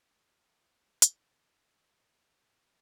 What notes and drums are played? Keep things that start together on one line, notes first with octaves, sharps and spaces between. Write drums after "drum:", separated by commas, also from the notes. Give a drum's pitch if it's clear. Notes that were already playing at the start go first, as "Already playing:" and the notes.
A#5 D6 E6 F6 B6
C5 F5 F#5 B5 C6
drum: hi-hat
G4 F5 C7 D7 E7 F#7